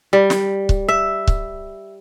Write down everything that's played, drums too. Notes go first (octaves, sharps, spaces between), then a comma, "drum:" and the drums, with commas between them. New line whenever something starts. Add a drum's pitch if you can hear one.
G3
drum: snare
drum: kick C#1
E5
drum: kick C#1